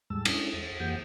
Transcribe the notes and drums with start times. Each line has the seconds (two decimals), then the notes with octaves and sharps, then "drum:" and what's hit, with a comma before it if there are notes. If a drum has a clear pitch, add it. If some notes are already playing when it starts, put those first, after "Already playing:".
0.10 E2 A2 G3 G#3 A5 E6
0.25 G#3 C#4 D4 E4, drum: cymbal
0.53 E2
0.80 F2 E3 A#3 G4 F#5 G6